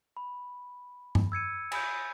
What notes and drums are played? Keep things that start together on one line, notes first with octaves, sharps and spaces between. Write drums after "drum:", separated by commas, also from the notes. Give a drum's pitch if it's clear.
B5
drum: tom G2
E6 G#6 C#7 D#7
G#5 B5 G6, drum: cymbal